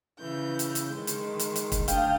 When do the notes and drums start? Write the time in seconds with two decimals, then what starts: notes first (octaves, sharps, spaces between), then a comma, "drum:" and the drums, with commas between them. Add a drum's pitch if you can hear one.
0.19 C#3 E3 G6
0.59 drum: hi-hat
0.75 drum: hi-hat
0.93 D#3 G#3
1.07 drum: hi-hat
1.39 drum: hi-hat
1.56 drum: hi-hat
1.72 drum: kick, hi-hat
1.88 D2 D4 F5 G5 D#6, drum: hi-hat